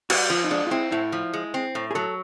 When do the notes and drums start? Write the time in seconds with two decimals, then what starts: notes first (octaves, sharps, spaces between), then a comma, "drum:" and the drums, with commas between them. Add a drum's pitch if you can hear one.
0.10 G3 F#4, drum: cymbal
0.30 F3 F4
0.44 D#4
0.51 G#3 D4
0.67 F4
0.71 C4 E4
0.92 A2 E4
1.12 F3
1.33 G#3
1.54 C4
1.75 A2
1.91 G#4
1.95 F#3 A4